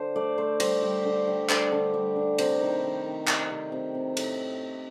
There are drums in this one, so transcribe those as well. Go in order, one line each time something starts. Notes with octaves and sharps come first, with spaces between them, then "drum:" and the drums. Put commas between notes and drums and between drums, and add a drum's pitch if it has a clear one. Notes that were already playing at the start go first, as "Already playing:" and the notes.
Already playing: D3 C5
A3 D5
A3 C5
G3 C5, drum: cymbal
G3
D3
G3
D3, drum: clap
D3
G3
D3
C3 C5, drum: cymbal
D#3
D#3
D#3
C3, drum: clap
C3
C3
C3
A2, drum: cymbal